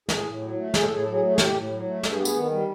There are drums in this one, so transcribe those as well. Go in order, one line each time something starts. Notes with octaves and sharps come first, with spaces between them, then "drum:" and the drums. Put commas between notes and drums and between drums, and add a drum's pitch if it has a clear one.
A2 G#4, drum: snare
A2
F#3
A3
A2 G#4, drum: snare
A4
A2 G#4
F#3 A4
G#4
A3
G#4
A2 G4, drum: snare
A2
F#3
A3
G2 A4, drum: snare
G#4
B3 G4
G#4, drum: tambourine
D#3
G3